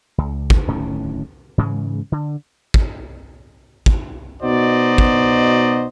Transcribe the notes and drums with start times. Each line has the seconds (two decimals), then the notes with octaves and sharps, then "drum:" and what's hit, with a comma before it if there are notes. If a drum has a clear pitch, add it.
0.18 C#2
0.50 drum: kick
0.67 D1 A2 D#3 C#4
1.58 G#2 C#3 E3 G#3
2.12 D3
2.74 drum: kick
3.86 drum: kick
4.42 B2 D#4 F#4 C5 D5 D#5
4.98 drum: kick